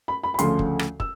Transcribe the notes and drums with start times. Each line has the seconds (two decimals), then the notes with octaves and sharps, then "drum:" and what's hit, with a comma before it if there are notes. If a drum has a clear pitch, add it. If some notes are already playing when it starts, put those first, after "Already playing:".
0.08 B5
0.23 B5
0.34 B5
0.39 D2 C#3 F3 A3 C6, drum: hi-hat
0.59 drum: kick
0.79 drum: rim click
1.00 E6, drum: kick